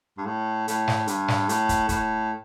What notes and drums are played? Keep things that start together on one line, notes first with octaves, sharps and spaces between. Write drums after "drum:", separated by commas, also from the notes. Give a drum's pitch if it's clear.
G2
A2
A2, drum: hi-hat
drum: snare
G2, drum: hi-hat
drum: snare
A2, drum: hi-hat
drum: kick, hi-hat
A2, drum: kick, hi-hat